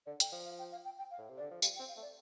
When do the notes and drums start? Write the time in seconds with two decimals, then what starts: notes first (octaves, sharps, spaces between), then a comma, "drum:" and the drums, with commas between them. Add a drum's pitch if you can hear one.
0.06 D3 D5
0.20 G5, drum: hi-hat
0.32 F3
0.45 F5
0.59 G5
0.72 F5
0.85 G5
0.98 G5
1.11 F5
1.18 A2
1.29 C3
1.37 D5
1.40 D3
1.51 F3
1.62 G3 F5, drum: tambourine
1.75 G5
1.79 C4
1.89 F5
1.97 A3
2.02 D5